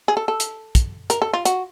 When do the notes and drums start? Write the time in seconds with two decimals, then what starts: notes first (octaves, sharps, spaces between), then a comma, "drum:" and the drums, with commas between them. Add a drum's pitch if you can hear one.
0.08 G#4
0.17 A4
0.28 A4
0.40 drum: hi-hat
0.75 drum: kick, hi-hat
1.10 A#4, drum: hi-hat
1.22 A4
1.33 F4
1.45 F#4, drum: hi-hat